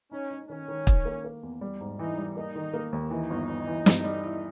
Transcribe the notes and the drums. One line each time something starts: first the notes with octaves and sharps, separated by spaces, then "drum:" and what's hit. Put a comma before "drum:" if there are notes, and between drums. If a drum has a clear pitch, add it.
C#4 D#4
D#4
D#3 C#4
D#3
D#3, drum: kick
A#3
A#3
E2
G3
G#2
E3 D#4
G3
A#3 D#4
D#3
A#3
D#2
E3 D#4
G1
G1
E3
G2, drum: snare
G3
E4